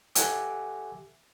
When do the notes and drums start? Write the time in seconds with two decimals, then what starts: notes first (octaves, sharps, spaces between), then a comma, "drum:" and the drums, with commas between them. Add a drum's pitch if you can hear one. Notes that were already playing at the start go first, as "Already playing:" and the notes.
0.15 G4 A4 E5 F#5 G#5 D6, drum: hi-hat